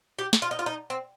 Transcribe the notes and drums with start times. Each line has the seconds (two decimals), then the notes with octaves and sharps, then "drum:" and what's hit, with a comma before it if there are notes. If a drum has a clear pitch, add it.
0.19 G4
0.33 drum: snare
0.42 F4
0.51 D#4
0.59 F4
0.66 D#4
0.90 C4